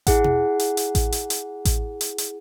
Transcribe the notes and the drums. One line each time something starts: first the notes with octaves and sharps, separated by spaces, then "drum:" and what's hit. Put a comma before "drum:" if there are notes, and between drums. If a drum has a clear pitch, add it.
E4 G#4 F#5, drum: kick A1, hi-hat
drum: tom B2
drum: hi-hat
drum: hi-hat
drum: kick A1, hi-hat
drum: hi-hat
drum: hi-hat
drum: kick A1, hi-hat
drum: hi-hat
drum: hi-hat